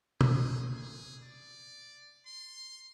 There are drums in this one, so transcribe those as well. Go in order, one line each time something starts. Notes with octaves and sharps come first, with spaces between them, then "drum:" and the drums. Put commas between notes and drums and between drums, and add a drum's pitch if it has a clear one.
G#4, drum: tom
G#4
D5
C6